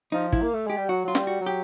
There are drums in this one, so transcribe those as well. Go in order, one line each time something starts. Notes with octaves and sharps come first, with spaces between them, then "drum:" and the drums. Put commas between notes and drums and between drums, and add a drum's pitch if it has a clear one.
F3 D#4
E4, drum: kick
A#3
A3
G#3 G4
G3
F#3 F#4
F#3 F4
G3, drum: snare
F#4
F#3
G4